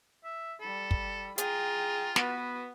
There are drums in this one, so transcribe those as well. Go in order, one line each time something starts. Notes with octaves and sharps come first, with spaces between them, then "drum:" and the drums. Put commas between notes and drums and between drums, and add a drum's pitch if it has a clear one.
E5
G3 A4 B5
drum: kick
F4 G#4 G5 A#5, drum: hi-hat
B3 F#4 B4, drum: snare